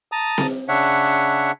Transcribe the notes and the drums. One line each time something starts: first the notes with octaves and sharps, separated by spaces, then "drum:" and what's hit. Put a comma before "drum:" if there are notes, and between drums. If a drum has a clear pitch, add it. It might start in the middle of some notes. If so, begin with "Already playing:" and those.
A5 A#5 D#6
drum: snare C4
C#3 D4 C#5 E5 F#5